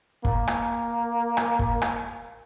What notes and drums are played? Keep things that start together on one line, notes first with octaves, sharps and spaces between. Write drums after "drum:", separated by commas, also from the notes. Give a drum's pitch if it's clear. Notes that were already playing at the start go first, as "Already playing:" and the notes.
A#3, drum: kick
drum: rim click
drum: rim click
drum: kick
drum: rim click